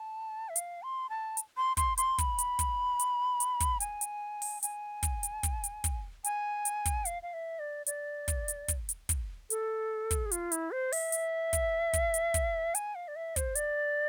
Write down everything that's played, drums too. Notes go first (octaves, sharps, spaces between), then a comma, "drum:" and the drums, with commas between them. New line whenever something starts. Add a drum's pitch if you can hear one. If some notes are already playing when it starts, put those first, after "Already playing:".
Already playing: A5
E5
F5, drum: hi-hat
C6
A5
drum: hi-hat
C6
C6, drum: kick, hi-hat
C6, drum: hi-hat
B5, drum: kick, hi-hat
drum: hi-hat
drum: kick, hi-hat
drum: hi-hat
drum: hi-hat
drum: kick, hi-hat
G#5, drum: hi-hat
drum: hi-hat
drum: open hi-hat
G#5, drum: hi-hat
drum: kick, hi-hat
drum: hi-hat
drum: kick, hi-hat
drum: hi-hat
drum: kick, hi-hat
G#5, drum: hi-hat
drum: hi-hat
drum: kick, hi-hat
F5, drum: hi-hat
F5
E5
D5
D5, drum: hi-hat
drum: kick, hi-hat
drum: hi-hat
drum: kick, hi-hat
drum: hi-hat
drum: kick, hi-hat
A4, drum: hi-hat
drum: kick, hi-hat
G#4
F4, drum: hi-hat
E4, drum: hi-hat
C5
E5, drum: open hi-hat
drum: hi-hat
drum: kick, hi-hat
drum: kick, hi-hat
drum: hi-hat
drum: kick, hi-hat
G#5, drum: hi-hat
F5
D5
E5
C5, drum: kick, hi-hat
D5, drum: hi-hat